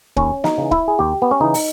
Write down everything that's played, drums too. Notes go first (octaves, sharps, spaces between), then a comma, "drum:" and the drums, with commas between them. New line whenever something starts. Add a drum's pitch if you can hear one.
D#2 C#4, drum: kick
D#4, drum: snare
C#3 E3
E4, drum: kick
G#4
D#2 G4
B3
C#4
C#3 E3 D#4
drum: open hi-hat